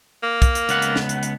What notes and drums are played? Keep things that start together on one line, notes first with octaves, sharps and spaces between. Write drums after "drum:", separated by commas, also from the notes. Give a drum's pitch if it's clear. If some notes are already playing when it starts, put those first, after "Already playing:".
A#3
drum: kick, hi-hat
drum: hi-hat
C#2 B3 F#5, drum: hi-hat
drum: hi-hat
drum: snare
drum: hi-hat
drum: hi-hat